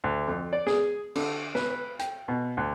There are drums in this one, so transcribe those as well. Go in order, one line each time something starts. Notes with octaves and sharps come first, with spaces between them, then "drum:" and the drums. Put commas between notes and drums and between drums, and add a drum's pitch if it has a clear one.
D2
F2
D5
G#4, drum: snare
D3, drum: cymbal
B4, drum: snare
B4
G5, drum: hi-hat
B2
D2